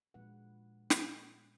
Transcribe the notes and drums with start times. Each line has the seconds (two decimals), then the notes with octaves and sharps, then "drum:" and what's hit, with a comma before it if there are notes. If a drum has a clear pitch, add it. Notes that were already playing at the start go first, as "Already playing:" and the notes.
0.14 A#2 F3 G#3 D4 B4 F#5
0.90 drum: snare